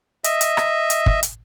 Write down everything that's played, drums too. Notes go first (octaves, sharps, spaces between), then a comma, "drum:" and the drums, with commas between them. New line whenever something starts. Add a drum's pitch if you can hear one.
D#5 E5, drum: hi-hat
drum: hi-hat
drum: rim click
drum: hi-hat
drum: kick
drum: hi-hat